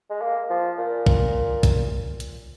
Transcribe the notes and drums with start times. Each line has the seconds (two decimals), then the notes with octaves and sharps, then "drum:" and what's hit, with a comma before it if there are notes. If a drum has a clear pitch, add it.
0.10 G#3
0.22 A#3
0.50 F3
0.78 A#2
1.07 drum: kick
1.63 drum: kick, hi-hat
2.20 drum: hi-hat